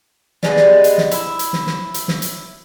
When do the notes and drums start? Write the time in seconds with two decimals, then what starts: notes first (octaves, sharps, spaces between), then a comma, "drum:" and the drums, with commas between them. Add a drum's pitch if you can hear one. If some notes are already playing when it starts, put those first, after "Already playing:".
0.43 G3 G#3 B3, drum: snare
0.56 drum: snare
0.84 drum: hi-hat
0.98 drum: snare
1.11 E4, drum: hi-hat
1.39 drum: hi-hat
1.53 drum: snare
1.67 drum: snare
1.94 drum: hi-hat
2.08 drum: snare
2.22 drum: hi-hat